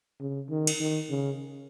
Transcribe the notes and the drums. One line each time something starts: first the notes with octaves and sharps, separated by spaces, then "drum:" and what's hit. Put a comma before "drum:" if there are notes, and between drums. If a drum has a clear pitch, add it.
C#3
D#3
drum: cymbal
D#3
C#3